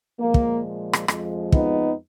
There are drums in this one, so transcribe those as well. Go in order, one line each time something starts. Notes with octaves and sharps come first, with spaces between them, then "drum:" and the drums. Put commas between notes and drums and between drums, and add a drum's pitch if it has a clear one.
A#2 F3 G#3 A#3
drum: kick
drum: rim click
F2 F3 G#3, drum: rim click
B3 D#4, drum: kick